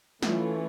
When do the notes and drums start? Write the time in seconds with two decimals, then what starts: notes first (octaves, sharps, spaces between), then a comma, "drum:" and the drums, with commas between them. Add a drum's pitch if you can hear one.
0.23 E3 A3 C#4 F4, drum: snare